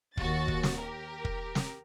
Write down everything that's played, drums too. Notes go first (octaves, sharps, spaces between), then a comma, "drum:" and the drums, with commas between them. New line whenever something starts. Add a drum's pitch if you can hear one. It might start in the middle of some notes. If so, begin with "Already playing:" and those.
D#2 F#4 A6, drum: kick
drum: kick
drum: snare
G4 A#4
drum: kick
drum: snare